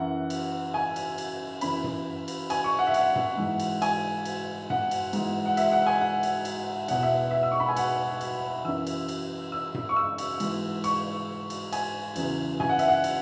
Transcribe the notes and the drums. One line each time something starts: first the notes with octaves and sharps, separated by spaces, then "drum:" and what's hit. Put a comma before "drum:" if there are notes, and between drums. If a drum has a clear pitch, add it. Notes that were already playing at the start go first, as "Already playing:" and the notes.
Already playing: F#2 E3 F#5
drum: cymbal
G#5
drum: cymbal
drum: cymbal
F#2 E3 B5, drum: cymbal
drum: tom G2
drum: cymbal
G#5, drum: cymbal
C#6
F#5
E5
F#5, drum: cymbal
drum: tom G2
G#2 E3
drum: cymbal
G#5, drum: cymbal
drum: cymbal
F#5, drum: tom G2
drum: cymbal
G#2 E3, drum: cymbal
F#5
E5, drum: cymbal
F#5
G#5
F#5
drum: cymbal
drum: cymbal
E2 B2 F#5, drum: cymbal
E5
E5
E6
C#6
B5
G#5
F#5, drum: cymbal
drum: cymbal
F#2 E3 E6
drum: cymbal
drum: cymbal
E6
drum: tom G2
C#6
E6
drum: cymbal
G#2 E3, drum: cymbal
C#6, drum: cymbal
drum: cymbal
G#5, drum: cymbal
E2 C#3 E3, drum: cymbal
G#5, drum: tom G2
F#5
E5, drum: cymbal
F#5
drum: cymbal